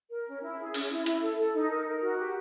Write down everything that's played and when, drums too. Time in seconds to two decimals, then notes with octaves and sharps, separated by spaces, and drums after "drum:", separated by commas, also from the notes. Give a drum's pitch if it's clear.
0.10 A#4
0.27 C#4
0.43 E4
0.58 G#4
0.74 C#4, drum: open hi-hat
0.91 E4
1.06 E4, drum: hi-hat
1.22 A4
1.38 A4
1.54 D#4
1.70 A#4
1.86 A#4
2.01 F#4
2.17 G4